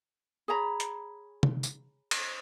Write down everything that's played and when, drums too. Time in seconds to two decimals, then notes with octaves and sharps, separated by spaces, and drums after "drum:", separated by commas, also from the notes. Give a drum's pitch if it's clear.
0.48 G#4 C#5 A#5 B5
0.80 drum: hi-hat
1.43 drum: tom
1.63 drum: tambourine
2.11 drum: cymbal